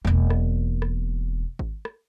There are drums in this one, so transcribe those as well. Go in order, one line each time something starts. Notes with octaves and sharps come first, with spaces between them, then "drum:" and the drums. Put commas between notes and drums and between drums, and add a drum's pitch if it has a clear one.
E1 A#3, drum: kick G#1
drum: rim click
drum: rim click
drum: kick G#1
drum: rim click